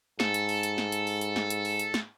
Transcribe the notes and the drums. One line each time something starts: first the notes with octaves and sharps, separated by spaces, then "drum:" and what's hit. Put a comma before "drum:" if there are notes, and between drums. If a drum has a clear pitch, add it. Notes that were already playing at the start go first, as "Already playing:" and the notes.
G#2 A4, drum: snare
drum: hi-hat
drum: open hi-hat
drum: hi-hat
drum: snare
drum: hi-hat
drum: open hi-hat
drum: hi-hat
drum: snare
drum: hi-hat
drum: open hi-hat
drum: hi-hat
drum: snare